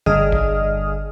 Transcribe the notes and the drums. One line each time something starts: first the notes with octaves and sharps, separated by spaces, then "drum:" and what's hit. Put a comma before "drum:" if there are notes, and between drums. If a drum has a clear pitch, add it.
G1 D3 G#4 D#5 D#6 F6, drum: tom
drum: kick